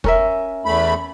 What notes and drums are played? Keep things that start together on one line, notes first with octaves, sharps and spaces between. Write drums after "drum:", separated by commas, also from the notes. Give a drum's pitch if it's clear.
C#4 A#4 E5, drum: kick
E2 A3 B5